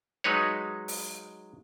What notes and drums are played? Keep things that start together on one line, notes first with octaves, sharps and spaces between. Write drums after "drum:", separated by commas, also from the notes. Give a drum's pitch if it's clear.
F#3 G#3 D#4 B4 C#5
drum: open hi-hat